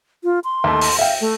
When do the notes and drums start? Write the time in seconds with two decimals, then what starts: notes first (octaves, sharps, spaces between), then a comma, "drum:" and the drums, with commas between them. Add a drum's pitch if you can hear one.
0.24 F4
0.44 C6
0.64 D#2 A3
0.81 drum: open hi-hat
0.99 E5 F5 G5
1.21 A3